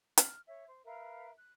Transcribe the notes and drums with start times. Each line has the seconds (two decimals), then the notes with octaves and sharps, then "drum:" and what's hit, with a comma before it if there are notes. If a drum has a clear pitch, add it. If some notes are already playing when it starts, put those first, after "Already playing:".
0.18 F6, drum: hi-hat
0.48 C#5 E5
0.68 C5
0.85 A#4 B4 E5 F5
1.37 F#6